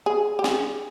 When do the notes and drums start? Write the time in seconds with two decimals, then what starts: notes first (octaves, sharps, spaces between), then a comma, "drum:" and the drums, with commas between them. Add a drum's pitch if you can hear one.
0.06 G#4
0.39 G4
0.44 G#4, drum: snare